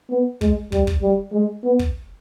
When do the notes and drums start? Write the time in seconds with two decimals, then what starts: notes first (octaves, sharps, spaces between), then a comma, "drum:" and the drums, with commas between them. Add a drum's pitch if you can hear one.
0.10 B3
0.41 G#3, drum: kick
0.72 G3, drum: kick
0.87 drum: kick
1.02 G3
1.33 G#3
1.64 B3
1.79 drum: kick